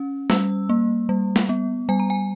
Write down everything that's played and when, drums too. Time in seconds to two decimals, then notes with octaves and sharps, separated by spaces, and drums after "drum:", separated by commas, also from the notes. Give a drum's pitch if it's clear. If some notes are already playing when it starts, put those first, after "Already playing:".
Already playing: C#4
0.30 G3 E6, drum: snare
0.69 A#3
1.09 G3
1.36 drum: snare
1.49 B3
1.89 G3 G#5
2.00 A#5
2.10 G#5